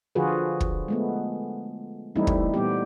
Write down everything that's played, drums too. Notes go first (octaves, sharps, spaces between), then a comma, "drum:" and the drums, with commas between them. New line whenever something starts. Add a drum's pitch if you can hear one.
D3 F3 F4 F#4 G#4 B4
drum: kick
G#3 A3 B3
E3 G3 A3 C4 D#4 E4
drum: kick
A#2 G3 B3 G4